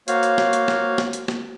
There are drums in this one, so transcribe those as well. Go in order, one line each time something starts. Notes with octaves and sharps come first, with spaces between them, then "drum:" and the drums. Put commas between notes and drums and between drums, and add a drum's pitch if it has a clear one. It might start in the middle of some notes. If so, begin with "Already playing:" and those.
A#3 F#4 C5 C#5 F5, drum: hi-hat
drum: hi-hat
drum: snare
drum: hi-hat
drum: snare
drum: snare
drum: hi-hat
drum: snare